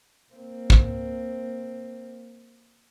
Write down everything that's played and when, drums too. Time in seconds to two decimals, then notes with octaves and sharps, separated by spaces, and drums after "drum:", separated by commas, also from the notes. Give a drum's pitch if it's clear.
0.32 A#3 C4
0.70 drum: kick